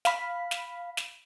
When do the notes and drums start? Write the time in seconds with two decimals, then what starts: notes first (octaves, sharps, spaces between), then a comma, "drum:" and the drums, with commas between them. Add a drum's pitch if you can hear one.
0.05 F5 B5, drum: snare
0.51 drum: snare
0.97 drum: snare